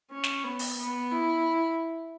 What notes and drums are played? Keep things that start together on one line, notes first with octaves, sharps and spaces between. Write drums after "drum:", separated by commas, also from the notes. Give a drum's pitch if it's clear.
C#4
drum: snare
B3
drum: open hi-hat
B3
E4